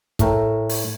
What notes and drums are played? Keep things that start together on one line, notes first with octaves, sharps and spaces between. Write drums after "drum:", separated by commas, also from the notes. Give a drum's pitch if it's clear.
A2 A3 A#4 G5, drum: kick, hi-hat
drum: open hi-hat